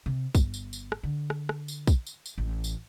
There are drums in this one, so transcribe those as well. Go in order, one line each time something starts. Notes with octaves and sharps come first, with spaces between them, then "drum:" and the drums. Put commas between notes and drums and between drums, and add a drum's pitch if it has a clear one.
C3
G1, drum: kick, tambourine
drum: tambourine
drum: tambourine
drum: rim click
D3
drum: rim click
drum: rim click
drum: tambourine
drum: kick, tambourine
drum: tambourine
drum: tambourine
A1
drum: tambourine